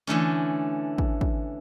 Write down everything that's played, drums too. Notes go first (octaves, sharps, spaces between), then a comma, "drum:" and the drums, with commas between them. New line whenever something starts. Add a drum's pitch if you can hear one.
D3 E3 A3 C#4
drum: kick
drum: kick